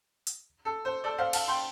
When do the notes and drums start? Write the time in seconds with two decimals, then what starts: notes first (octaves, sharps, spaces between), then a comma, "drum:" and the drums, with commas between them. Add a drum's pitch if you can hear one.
0.27 drum: hi-hat
0.65 A4
0.85 C5
1.04 A4 D5
1.18 C5 F5
1.33 F5 A5, drum: cymbal
1.48 G5 C6